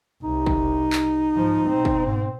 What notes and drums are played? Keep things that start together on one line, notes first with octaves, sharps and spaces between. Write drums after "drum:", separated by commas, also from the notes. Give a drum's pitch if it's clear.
C2 D#4
drum: kick
drum: clap
G#2 F3
B2 C4
drum: kick
G#2